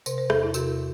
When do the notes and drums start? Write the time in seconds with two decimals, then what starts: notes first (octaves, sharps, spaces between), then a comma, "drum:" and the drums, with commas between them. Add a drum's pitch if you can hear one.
0.06 C3 C5, drum: tambourine
0.18 C5
0.30 E2 A4, drum: rim click
0.43 E4
0.54 C3 F#4, drum: tambourine